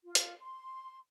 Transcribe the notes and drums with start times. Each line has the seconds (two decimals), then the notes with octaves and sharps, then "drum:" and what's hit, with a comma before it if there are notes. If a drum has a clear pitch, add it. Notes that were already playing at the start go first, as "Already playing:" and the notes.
0.04 F4
0.15 drum: hi-hat
0.40 C6